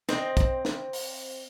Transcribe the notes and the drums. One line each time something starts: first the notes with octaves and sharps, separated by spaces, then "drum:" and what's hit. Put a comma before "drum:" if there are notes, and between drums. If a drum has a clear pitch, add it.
C4 D#5, drum: snare
drum: kick, hi-hat
drum: snare
drum: open hi-hat